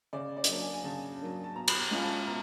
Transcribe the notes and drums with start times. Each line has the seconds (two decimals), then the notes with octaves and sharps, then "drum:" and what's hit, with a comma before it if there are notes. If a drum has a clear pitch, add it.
0.13 C#3 D5
0.37 D5
0.44 D#5, drum: hi-hat
0.49 F#3 A#3 D4 D5
0.60 G#5
0.73 G#5
0.84 C#3 A5
1.20 F#3 A#3 D4
1.44 A5
1.56 B2 A#5
1.68 B5, drum: cymbal
1.79 A#5
1.91 G#3 C#4 F4
2.03 A5
2.27 B2 A#5